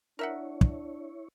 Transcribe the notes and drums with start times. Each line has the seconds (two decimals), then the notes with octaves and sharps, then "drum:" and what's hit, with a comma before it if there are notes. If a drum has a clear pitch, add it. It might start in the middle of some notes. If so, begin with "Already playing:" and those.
0.19 D4 E4 A#4 C#5 E5 F#5
0.61 drum: kick